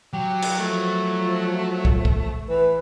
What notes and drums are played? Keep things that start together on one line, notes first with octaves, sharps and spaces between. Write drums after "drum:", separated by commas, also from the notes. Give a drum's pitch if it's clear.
F#3 G4
drum: cymbal
F3 A3
drum: kick
drum: kick
E3 B4